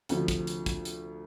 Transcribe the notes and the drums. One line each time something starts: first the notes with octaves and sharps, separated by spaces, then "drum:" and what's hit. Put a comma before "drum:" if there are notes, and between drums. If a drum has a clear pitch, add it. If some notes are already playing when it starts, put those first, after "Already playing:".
D2 C3 F3, drum: hi-hat
drum: kick, hi-hat
drum: hi-hat
drum: kick, hi-hat
drum: hi-hat